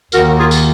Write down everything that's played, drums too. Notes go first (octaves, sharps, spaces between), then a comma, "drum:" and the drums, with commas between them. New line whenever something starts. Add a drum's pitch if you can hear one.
D#2 D#3 F#4 A#4, drum: tambourine
F4 G#4
drum: tambourine